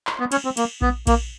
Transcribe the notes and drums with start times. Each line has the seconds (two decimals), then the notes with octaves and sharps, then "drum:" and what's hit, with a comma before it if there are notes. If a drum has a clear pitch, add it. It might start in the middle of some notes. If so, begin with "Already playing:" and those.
0.07 drum: clap
0.20 B3
0.32 C#4, drum: cymbal
0.45 C4
0.57 A#3, drum: cymbal
0.82 B3, drum: kick A#1
1.07 A#3, drum: kick A#1, cymbal